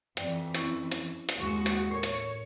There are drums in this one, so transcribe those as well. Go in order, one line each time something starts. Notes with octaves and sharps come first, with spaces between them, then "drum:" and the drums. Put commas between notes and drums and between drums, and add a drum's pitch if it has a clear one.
F2 E3 D5 G5, drum: hi-hat
C4 C#4 E4, drum: hi-hat
drum: hi-hat
drum: hi-hat
D#2 G#3 F#4 C#6
drum: hi-hat
A2 A#4 C#5
drum: hi-hat